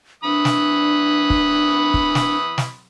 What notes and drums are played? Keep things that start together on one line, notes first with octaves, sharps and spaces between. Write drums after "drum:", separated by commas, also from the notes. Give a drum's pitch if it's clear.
E3 D4 B5 D#6
drum: snare
drum: kick
drum: kick
drum: snare
drum: snare